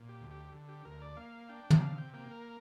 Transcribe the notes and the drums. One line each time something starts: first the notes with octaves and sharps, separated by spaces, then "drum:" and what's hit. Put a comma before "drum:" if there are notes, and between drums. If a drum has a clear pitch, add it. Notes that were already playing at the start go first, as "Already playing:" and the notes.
Already playing: A#2
G4
D2
G4
D3
G4
D2 A#4
D5
A#3 F5
D4 G5
drum: tom
C3 F5
G5
A#3 G5
A#4